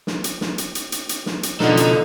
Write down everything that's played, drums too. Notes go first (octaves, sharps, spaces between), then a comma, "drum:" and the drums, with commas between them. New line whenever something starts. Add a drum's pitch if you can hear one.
drum: snare
drum: hi-hat
drum: snare
drum: hi-hat
drum: hi-hat
drum: hi-hat
drum: hi-hat
drum: snare
drum: hi-hat
F#2 B2 F3 D4 D#4 A4 F#5, drum: snare
drum: hi-hat